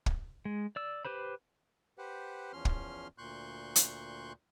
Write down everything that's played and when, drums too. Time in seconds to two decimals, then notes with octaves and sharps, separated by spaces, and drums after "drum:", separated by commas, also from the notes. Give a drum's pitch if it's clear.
0.06 drum: kick
0.45 G#3
0.76 D5 E6
1.05 G4 B4 C5 B5
1.98 G4 B4 C5 F#5
2.53 E2 F3 C#4 C6 F6
2.65 drum: kick
3.18 D2 A#2 C6 C#6 F#6 G6
3.76 drum: hi-hat